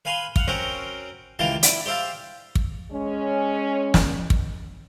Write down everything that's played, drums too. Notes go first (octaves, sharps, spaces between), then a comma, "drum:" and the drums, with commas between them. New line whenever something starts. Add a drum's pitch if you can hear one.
B4 F5 G#5 B5 C6
F5 F#5, drum: kick
C4 C#4 F#4 A#4 C5
C#2 E3 A#3 G4 F5 A5
E4 D5, drum: hi-hat
G4 C5 E5 F5 A5
drum: kick
G#3 C#4
drum: snare
drum: kick